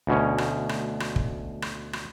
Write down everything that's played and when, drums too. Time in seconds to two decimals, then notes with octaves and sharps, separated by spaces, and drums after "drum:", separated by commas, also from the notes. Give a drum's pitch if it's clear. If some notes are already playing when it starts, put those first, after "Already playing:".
0.07 D2 B2 C#4
0.38 drum: rim click
0.69 drum: rim click
1.00 drum: rim click
1.16 drum: kick
1.62 drum: rim click
1.93 drum: rim click